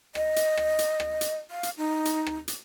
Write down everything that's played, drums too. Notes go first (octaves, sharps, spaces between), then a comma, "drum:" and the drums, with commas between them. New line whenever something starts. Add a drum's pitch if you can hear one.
D#5, drum: rim click
drum: hi-hat
drum: rim click
drum: hi-hat
drum: rim click
drum: hi-hat
F5
drum: hi-hat
D#4
drum: hi-hat
drum: rim click
drum: hi-hat